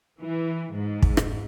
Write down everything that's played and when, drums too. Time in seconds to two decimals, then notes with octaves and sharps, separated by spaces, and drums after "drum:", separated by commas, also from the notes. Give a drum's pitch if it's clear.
0.20 E3
0.73 G#2
1.02 drum: kick
1.17 drum: rim click